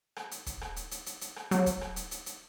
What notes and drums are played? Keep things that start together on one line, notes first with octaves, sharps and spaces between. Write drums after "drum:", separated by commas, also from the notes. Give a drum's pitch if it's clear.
drum: rim click
drum: hi-hat
drum: kick, hi-hat
drum: rim click
drum: hi-hat
drum: hi-hat
drum: hi-hat
drum: hi-hat
drum: rim click
F#3, drum: hi-hat
drum: kick, hi-hat
drum: rim click
drum: hi-hat
drum: hi-hat
drum: hi-hat